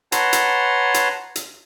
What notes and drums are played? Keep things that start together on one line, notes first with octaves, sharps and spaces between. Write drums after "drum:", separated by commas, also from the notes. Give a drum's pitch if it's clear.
B4 C#5 F#5 A5 A#5 C6, drum: hi-hat
drum: hi-hat
drum: hi-hat
drum: hi-hat